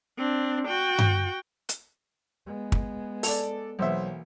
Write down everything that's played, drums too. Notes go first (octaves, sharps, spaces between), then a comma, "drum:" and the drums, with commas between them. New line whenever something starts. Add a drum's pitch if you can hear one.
C4 D4
F#4 G5
drum: tom G2
drum: hi-hat
G#3 B3
drum: kick
A4 D5, drum: open hi-hat
B1 E3 A#3 C5 E5